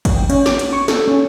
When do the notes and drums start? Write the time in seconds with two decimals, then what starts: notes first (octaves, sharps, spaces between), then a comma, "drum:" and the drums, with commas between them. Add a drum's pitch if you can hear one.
0.05 drum: kick G#1, cymbal
0.16 G5
0.30 C#4, drum: cymbal
0.46 D6, drum: snare
0.59 drum: cymbal
0.73 C#6
0.88 A4, drum: snare
1.08 C#4